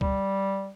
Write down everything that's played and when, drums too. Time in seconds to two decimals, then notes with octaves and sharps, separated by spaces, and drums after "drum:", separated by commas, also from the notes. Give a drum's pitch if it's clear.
0.01 G3, drum: kick C#2